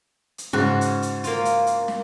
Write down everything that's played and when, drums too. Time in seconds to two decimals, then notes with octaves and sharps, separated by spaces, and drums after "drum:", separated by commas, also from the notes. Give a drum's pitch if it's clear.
0.38 drum: hi-hat
0.53 G#2 C#3 F#4
0.81 drum: hi-hat
1.02 drum: hi-hat
1.24 A#3 F4, drum: hi-hat
1.45 drum: hi-hat
1.67 drum: hi-hat
1.88 drum: snare